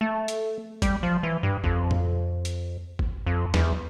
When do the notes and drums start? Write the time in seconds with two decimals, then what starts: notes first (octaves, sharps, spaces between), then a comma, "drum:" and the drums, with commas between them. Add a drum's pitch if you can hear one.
0.01 A3
0.28 drum: hi-hat
0.82 G3, drum: kick G#1, hi-hat
1.03 F3
1.23 E3
1.43 G2
1.64 F2, drum: kick G#1
1.91 drum: tom
2.45 drum: hi-hat
2.99 drum: kick G#1
3.26 F2
3.54 E2, drum: snare